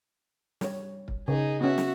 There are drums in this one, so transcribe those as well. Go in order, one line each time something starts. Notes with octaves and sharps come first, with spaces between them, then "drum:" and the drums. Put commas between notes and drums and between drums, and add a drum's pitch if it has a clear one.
G3 C#5, drum: snare
drum: kick
C#3 D#4 G#4
B3 C#4 F#4 E5
drum: snare